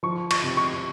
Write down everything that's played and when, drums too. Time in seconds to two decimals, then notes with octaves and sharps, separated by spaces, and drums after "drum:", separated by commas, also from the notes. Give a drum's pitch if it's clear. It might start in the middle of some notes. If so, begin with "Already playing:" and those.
0.03 F3 C#6
0.31 C#6, drum: cymbal
0.43 C3
0.57 C#6